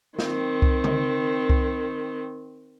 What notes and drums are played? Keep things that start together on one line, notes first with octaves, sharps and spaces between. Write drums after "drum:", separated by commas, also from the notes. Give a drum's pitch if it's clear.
D#3 C4, drum: snare
drum: kick C2
drum: tom C#3
drum: kick C2